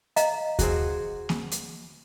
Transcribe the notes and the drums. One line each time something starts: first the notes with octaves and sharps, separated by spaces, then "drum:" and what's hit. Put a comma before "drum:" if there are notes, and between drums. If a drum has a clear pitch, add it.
D#5 F5 A#5, drum: hi-hat
F#4 G#4 C5, drum: kick D#2, hi-hat
drum: snare A#3
drum: hi-hat